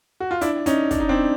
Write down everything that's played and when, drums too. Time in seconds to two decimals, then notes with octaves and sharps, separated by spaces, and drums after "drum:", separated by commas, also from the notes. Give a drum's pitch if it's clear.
0.20 F#4
0.31 F4
0.41 D4 E4, drum: hi-hat
0.66 C#4 D#4, drum: hi-hat
0.91 D4, drum: kick, hi-hat
1.00 D#4
1.09 C4 D4